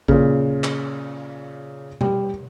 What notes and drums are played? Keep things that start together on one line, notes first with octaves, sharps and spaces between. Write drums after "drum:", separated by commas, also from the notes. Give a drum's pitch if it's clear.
A#2 C#3, drum: kick A1
drum: clap
G3, drum: tom B2